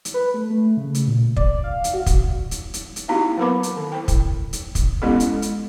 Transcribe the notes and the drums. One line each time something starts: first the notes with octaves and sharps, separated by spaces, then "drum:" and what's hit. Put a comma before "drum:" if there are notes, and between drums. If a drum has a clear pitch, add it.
drum: hi-hat
B4
A3
A3
C#3
drum: hi-hat
A#2
D5, drum: kick
F5
drum: hi-hat
F#4
drum: kick, hi-hat
drum: hi-hat
drum: hi-hat
drum: hi-hat
A#3 C4 D#4 E4 F#4 G4
F#3 B3 A#4 B4 B5 D6
drum: hi-hat
D#3
E4 C5 G5
drum: kick, hi-hat
drum: hi-hat
drum: kick, hi-hat
G#3 B3 C#4 E4 G4 A4
drum: hi-hat
drum: hi-hat